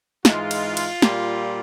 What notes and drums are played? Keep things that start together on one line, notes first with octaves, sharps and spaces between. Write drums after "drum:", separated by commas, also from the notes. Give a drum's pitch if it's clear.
G#2 E3 G#3 F4, drum: snare
drum: cymbal
drum: cymbal
A#2 G3, drum: snare